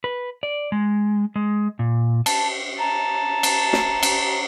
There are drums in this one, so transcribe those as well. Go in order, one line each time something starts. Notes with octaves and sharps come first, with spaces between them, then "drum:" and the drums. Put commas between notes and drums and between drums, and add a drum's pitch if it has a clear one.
B4
D5
G#3
G#3
A#2
A5, drum: cymbal
A5 A#5
drum: cymbal
drum: snare
drum: cymbal